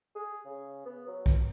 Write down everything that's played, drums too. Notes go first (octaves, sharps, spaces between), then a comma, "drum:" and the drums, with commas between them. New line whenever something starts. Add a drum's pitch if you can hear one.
G#4
C#3
B3
F#3
drum: kick B1